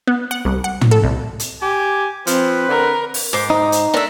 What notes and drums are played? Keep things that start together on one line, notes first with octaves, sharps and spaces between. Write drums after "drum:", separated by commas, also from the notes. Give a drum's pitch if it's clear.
B3
F#5
C2
F#5
drum: tom
A4
C2
drum: hi-hat
G4 G#5
F3 C4 B4, drum: hi-hat
D3 A#4
drum: open hi-hat
G#2 C5 D6
D#4
drum: hi-hat
A3 D4 A#4 E5